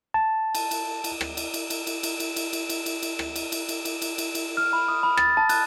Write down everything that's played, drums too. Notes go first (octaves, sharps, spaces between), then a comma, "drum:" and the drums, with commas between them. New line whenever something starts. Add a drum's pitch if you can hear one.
A5
drum: cymbal
drum: cymbal
drum: cymbal
drum: rim click
drum: cymbal
drum: cymbal
drum: cymbal
drum: cymbal
drum: cymbal
drum: cymbal
drum: cymbal
drum: cymbal
drum: cymbal
drum: cymbal
drum: cymbal
drum: rim click
drum: cymbal
drum: cymbal
drum: cymbal
drum: cymbal
drum: cymbal
drum: cymbal
drum: cymbal
F6
B5
D#6
B5
A6, drum: rim click
A5
F#6, drum: cymbal